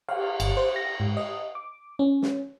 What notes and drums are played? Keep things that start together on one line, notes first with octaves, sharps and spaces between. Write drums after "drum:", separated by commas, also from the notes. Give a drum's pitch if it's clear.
F5, drum: cymbal
G1, drum: cymbal
C5
A#6
G#2
D#5
D6
C#4
drum: snare